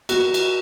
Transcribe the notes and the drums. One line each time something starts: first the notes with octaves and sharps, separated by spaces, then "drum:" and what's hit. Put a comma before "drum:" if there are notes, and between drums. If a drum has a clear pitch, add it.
F#4, drum: cymbal
drum: cymbal